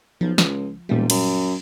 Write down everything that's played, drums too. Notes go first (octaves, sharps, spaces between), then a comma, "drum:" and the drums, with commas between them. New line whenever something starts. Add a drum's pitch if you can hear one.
B1 F3
C#2, drum: snare
E1 A#2 G3
F#2, drum: cymbal